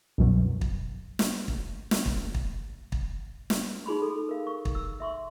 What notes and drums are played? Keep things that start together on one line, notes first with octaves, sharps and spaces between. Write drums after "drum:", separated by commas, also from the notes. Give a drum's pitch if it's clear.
C2 F#2 B2
drum: kick
drum: snare
drum: kick
drum: snare
drum: kick
drum: kick
drum: kick
drum: snare
D#4 G#4 B5 C6
A4
A#4 F5
C#6
drum: kick
E6
E5 C6 C#6